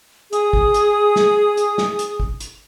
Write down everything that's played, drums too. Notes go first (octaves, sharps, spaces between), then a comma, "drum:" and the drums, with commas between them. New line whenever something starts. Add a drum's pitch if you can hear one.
G#4 D#6, drum: hi-hat
drum: kick
drum: hi-hat
drum: snare
drum: hi-hat
drum: snare
drum: hi-hat
drum: kick
drum: hi-hat